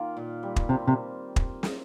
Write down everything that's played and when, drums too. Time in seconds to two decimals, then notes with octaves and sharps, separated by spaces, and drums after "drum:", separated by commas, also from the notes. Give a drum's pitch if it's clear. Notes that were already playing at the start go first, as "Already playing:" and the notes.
Already playing: D#3 A#3 F4
0.17 A#2
0.43 G3
0.56 drum: kick
0.69 C3 C4
0.87 C3
1.36 drum: kick
1.63 drum: snare